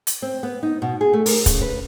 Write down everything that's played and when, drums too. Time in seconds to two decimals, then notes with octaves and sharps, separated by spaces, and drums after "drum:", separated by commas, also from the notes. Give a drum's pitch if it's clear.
0.07 drum: hi-hat
0.22 C4
0.43 B3
0.63 D#4
0.82 B2
1.01 G#4
1.13 A3
1.26 A#4, drum: open hi-hat
1.46 C#3, drum: kick, hi-hat
1.61 B4